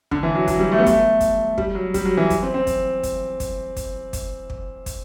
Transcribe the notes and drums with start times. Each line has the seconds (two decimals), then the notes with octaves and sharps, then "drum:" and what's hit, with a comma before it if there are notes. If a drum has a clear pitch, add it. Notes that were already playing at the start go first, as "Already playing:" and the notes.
0.11 D3, drum: kick
0.23 E3
0.35 F#3
0.47 F#3, drum: kick, hi-hat
0.59 G3
0.72 A3
0.79 B3
0.86 A3, drum: kick, hi-hat
1.21 drum: kick, hi-hat
1.58 G3, drum: kick
1.75 F#3
1.94 G3, drum: kick, hi-hat
2.05 F#3
2.17 E3
2.30 drum: kick, hi-hat
2.42 C4
2.54 C4
2.67 drum: kick, hi-hat
3.03 drum: kick, hi-hat
3.40 drum: kick, hi-hat
3.76 drum: kick, hi-hat
4.13 drum: kick, hi-hat
4.50 drum: kick
4.86 drum: kick, hi-hat